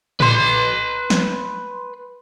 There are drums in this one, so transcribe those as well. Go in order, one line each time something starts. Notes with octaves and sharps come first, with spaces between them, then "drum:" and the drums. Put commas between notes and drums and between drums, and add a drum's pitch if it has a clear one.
B4 C6, drum: tom A2
drum: snare